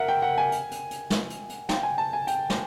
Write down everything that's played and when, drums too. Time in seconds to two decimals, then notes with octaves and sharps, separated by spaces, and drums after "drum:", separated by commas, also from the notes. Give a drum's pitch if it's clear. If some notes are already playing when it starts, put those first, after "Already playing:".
Already playing: A#4 E5 F#5
0.08 G5
0.22 F#5
0.38 G#5
0.52 drum: hi-hat
0.71 drum: hi-hat
0.91 drum: hi-hat
1.10 drum: snare
1.30 drum: hi-hat
1.49 drum: hi-hat
1.69 G5, drum: snare
1.83 G#5
1.98 A5
2.13 G#5
2.27 G5, drum: hi-hat
2.50 G5, drum: snare